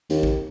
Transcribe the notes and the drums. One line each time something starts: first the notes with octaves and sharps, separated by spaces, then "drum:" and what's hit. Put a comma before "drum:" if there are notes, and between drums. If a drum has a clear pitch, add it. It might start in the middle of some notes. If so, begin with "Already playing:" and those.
D#2, drum: hi-hat
drum: kick